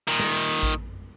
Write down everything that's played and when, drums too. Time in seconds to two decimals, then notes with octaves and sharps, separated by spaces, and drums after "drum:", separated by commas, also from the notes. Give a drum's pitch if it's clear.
0.08 A#2 D#3
0.19 drum: snare
0.63 drum: kick A1